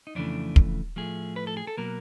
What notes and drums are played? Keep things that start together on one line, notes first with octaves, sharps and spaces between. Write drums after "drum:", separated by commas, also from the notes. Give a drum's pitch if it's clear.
D#4
F2 C#3 E3 A3 D4
drum: kick
A2 F3 A3 G#4
B4
A4
G#4
A4
B2 F#3 A#3 A#4